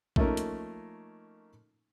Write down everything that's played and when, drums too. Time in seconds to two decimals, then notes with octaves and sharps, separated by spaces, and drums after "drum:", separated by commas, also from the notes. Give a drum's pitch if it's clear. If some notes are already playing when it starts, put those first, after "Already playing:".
0.16 F3 A3 A#3 C#4 D#4 A#4, drum: kick A#1
0.37 drum: hi-hat